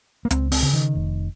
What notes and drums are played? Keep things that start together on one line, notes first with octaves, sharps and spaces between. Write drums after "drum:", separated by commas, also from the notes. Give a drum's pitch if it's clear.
A#3
C#2 C4, drum: hi-hat
C4, drum: open hi-hat
C#3
D#3
F1